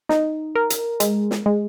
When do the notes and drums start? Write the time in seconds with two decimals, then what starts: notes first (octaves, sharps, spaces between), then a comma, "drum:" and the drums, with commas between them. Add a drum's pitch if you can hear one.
0.09 D#4, drum: snare
0.55 A#4
0.70 drum: hi-hat
1.00 G#3, drum: hi-hat
1.31 drum: snare
1.46 G#3